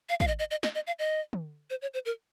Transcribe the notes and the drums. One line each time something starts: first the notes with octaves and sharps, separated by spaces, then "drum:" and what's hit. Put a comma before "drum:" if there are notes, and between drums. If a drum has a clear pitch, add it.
F5
F5, drum: kick
D#5
D#5
D#5
D#5, drum: snare
D#5
F5
D#5
drum: tom
C5
C#5
C5
A#4